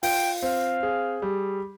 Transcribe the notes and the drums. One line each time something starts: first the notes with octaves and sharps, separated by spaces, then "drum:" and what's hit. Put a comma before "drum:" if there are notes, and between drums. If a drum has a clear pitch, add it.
F4 G5, drum: open hi-hat
C4 F5
G#4
G3